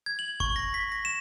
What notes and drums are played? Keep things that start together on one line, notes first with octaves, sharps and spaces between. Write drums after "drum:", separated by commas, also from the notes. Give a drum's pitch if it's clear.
G#6
F#7
C#6, drum: kick G1
A#6
B6
A#6
E7